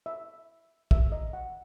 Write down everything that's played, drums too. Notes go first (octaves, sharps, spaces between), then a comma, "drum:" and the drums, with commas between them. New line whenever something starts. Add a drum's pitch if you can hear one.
E5
E5, drum: kick
D#5
F#5